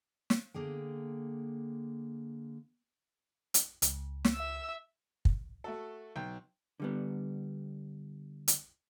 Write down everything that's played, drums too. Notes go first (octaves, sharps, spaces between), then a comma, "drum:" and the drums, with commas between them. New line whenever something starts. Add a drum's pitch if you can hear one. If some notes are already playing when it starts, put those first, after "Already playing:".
drum: snare
D3 A#3 G#4 G5
drum: hi-hat
C#2, drum: hi-hat
drum: snare
E5 E6
drum: kick
A3 F#4 A4
B1 G5
D3 G3 B3
drum: hi-hat